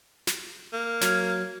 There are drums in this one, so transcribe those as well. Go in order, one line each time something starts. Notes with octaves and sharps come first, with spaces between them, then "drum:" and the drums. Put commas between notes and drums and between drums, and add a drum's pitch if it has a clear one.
drum: snare
A#3
F#3 F6 G#6, drum: snare